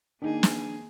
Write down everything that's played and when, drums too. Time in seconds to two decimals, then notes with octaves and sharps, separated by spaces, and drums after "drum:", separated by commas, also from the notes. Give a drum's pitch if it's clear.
0.22 D#3 A#3 D4 D#4 G#4
0.43 drum: snare